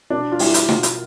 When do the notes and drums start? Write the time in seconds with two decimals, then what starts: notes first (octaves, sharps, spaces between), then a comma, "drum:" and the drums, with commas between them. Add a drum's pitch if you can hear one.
0.10 B2 D4
0.32 F4
0.39 G3 B3 E4, drum: open hi-hat
0.54 drum: hi-hat
0.69 B2 F4, drum: snare
0.83 drum: hi-hat